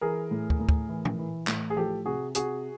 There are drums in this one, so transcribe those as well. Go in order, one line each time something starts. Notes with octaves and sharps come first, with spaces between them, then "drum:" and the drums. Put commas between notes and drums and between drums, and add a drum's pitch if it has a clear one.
E3 G#4 A#4
A2
drum: kick
A2
drum: kick
E3
drum: tom
E3
A2, drum: clap
G#4
F3 G4 A4
C3 F#4 G#4
C3 F#4 G#4, drum: hi-hat